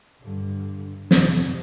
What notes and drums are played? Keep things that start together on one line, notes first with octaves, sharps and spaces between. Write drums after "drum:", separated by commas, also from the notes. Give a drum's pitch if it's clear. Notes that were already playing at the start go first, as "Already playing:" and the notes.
G2 D3
F2 C3, drum: snare